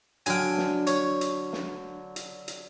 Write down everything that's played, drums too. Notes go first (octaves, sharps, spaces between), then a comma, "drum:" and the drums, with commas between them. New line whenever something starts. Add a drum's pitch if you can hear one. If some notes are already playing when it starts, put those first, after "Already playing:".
D3 F#3 G5 G#5 F6, drum: hi-hat
drum: snare
C#5, drum: hi-hat
drum: hi-hat
drum: snare
drum: hi-hat
drum: hi-hat